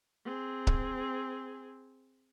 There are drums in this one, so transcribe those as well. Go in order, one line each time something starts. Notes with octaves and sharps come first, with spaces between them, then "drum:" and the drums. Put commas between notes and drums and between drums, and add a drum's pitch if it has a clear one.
C4 G#4
drum: kick C#1